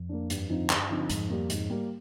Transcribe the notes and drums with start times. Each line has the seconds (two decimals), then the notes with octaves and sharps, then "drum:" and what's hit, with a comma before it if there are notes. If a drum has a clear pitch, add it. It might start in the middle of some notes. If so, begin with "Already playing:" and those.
Already playing: F2
0.09 A#3 D4
0.30 G2, drum: hi-hat
0.49 D3 F3 C4 D#4
0.70 G2, drum: clap
0.89 D3 F3 C4 D#4
1.10 F2 G#2, drum: hi-hat
1.30 G3 A#3
1.50 G#2, drum: hi-hat
1.70 G3 A#3